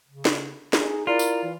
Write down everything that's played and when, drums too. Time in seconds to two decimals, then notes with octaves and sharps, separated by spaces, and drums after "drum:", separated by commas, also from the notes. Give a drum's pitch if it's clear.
0.08 C#3
0.25 drum: snare
0.73 D#4 G#4, drum: snare
1.07 E4 F4 A#4 D5
1.19 drum: tambourine
1.43 E3